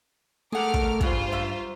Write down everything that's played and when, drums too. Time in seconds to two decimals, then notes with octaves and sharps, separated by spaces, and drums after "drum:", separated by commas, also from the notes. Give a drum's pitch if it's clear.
0.52 A3 G#4 A#4 F#5 D6 F6
0.74 drum: kick
1.01 G2 C#3 E3 F4 G#4 C5, drum: kick
1.32 F#2 E5